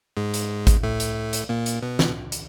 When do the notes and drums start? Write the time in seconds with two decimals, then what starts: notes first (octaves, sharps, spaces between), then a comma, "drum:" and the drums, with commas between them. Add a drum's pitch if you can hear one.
0.17 G#2 G#3
0.34 drum: hi-hat
0.67 drum: kick G#1, hi-hat
0.83 A2 A3
1.00 drum: hi-hat
1.33 drum: hi-hat
1.49 A#2 A#3
1.66 drum: hi-hat
1.82 B2 B3
1.99 drum: snare
2.32 drum: hi-hat